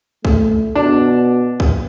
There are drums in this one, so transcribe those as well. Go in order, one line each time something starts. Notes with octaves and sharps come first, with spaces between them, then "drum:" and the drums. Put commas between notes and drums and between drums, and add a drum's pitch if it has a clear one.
A3, drum: kick C2
B2 D4
drum: kick C2